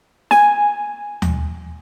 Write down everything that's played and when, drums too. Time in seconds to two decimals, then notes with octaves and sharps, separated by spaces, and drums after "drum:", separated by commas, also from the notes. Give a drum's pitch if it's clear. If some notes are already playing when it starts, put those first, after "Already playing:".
0.31 G#5, drum: snare
1.22 drum: tom D#2